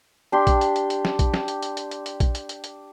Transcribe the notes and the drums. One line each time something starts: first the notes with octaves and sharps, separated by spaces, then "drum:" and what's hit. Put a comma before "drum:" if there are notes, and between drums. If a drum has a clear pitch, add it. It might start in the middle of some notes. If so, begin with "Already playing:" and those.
D4 G4 C6
drum: kick A#1, hi-hat
drum: hi-hat
drum: hi-hat
drum: hi-hat
drum: snare
drum: kick A#1, hi-hat
drum: snare
drum: hi-hat
drum: hi-hat
drum: hi-hat
drum: hi-hat
drum: hi-hat
drum: kick A#1, hi-hat
drum: hi-hat
drum: hi-hat
drum: hi-hat